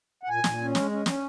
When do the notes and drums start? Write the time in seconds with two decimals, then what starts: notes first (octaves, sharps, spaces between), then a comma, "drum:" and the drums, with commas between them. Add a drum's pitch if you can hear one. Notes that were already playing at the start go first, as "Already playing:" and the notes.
0.23 F#5
0.29 A#2 G#5
0.44 A#2, drum: snare
0.61 C#4
0.75 G#3, drum: snare
0.91 C#4
1.06 C#4, drum: snare